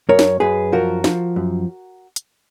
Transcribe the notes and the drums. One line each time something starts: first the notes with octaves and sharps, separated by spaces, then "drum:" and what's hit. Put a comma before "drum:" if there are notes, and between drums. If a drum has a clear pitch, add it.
F#2 A#4 C#5
drum: snare
F#2 G#4 B4
F3 F#4 A#4
F3, drum: snare
F#2
drum: hi-hat